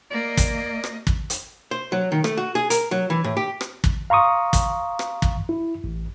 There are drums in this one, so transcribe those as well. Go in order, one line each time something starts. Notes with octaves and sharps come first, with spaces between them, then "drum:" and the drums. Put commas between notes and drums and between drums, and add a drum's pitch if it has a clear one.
A#3 D5 D#5
drum: kick, hi-hat
drum: rim click
drum: kick
drum: hi-hat
C5
F#3
D#3
A3, drum: rim click
F#4
G#4
A#4, drum: hi-hat
F#3
E3
A2
G4
drum: rim click
drum: kick
F5 A#5 C6 C#6 D#6
drum: kick, hi-hat
drum: rim click
drum: kick
E4
A1